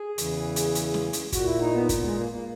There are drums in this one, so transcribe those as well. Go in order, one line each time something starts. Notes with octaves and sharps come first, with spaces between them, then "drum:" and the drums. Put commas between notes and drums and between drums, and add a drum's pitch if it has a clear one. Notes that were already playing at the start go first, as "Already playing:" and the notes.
Already playing: G#4
E2 C#3 E3, drum: hi-hat
drum: hi-hat
drum: hi-hat
drum: snare
drum: hi-hat
A#2 F#4, drum: kick, hi-hat
E4
D#4
B3
drum: kick, hi-hat
G#3
A#3
A#3